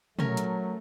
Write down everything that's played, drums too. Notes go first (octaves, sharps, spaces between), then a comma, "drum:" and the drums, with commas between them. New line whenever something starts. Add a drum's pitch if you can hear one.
F#3 A3 C#4 A#4, drum: tom
drum: hi-hat